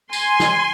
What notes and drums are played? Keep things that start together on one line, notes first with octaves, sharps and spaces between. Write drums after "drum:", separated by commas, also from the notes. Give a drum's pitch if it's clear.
G#5 C6, drum: tambourine
drum: snare